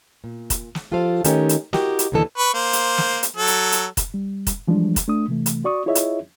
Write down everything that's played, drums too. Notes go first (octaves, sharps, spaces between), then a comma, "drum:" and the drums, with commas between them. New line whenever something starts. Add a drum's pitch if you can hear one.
A#2
drum: kick F1, hi-hat
drum: snare
F3 F4 G4 A4 C5 F5
D#3 A3 C#4 D#4 G4 A#4, drum: hi-hat
drum: hi-hat
E4 F#4 G4 A#4 D#5, drum: snare
drum: hi-hat
D#2 B2 D3 E3 A4 D#5
B4 C#6
A#3 C5
drum: hi-hat
drum: snare
drum: hi-hat
F#3 A4
drum: hi-hat
drum: hi-hat
drum: kick F1, hi-hat
G3
drum: kick F1, hi-hat
E3 F3 G3 G#3 D4
drum: kick F1, hi-hat
A3 D4 D#6
C3 E3 A3
drum: hi-hat
F#4 D5 C#6 D#6
E4 F4 G#4 C#5 D#5 E5
drum: hi-hat